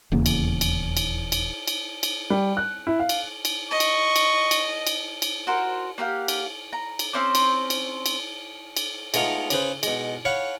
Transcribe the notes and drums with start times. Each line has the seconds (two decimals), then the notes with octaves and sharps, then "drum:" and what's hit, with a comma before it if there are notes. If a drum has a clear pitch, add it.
0.12 D#1 E2 C#3 A#3
0.26 drum: cymbal
0.61 drum: cymbal
0.97 drum: cymbal
1.32 drum: cymbal
1.67 drum: cymbal
2.03 drum: cymbal
2.30 G3
2.57 F#6
2.87 E4
3.00 F5
3.09 drum: cymbal
3.45 drum: cymbal
3.71 D#5 C#6
3.80 drum: cymbal
4.16 drum: cymbal
4.51 drum: cymbal
4.87 drum: cymbal
5.22 drum: cymbal
5.47 F#4 A#4 C5
5.98 A#3 G4 F5 F#5
6.28 drum: cymbal
6.73 A#5
6.99 drum: cymbal
7.13 C4 C#4 C5 D6
7.35 drum: cymbal
7.70 drum: cymbal
8.06 drum: cymbal
8.77 drum: cymbal
9.14 G#3 A3 B3 D#4 F4, drum: cymbal
9.50 C#3 G#4 B4 C5, drum: cymbal
9.83 B2 G#3, drum: cymbal
10.25 C#5 F5 F#5 B5